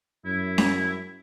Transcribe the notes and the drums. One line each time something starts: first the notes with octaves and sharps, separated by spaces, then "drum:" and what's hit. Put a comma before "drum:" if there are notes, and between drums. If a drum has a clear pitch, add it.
F#2 E4
drum: snare C#4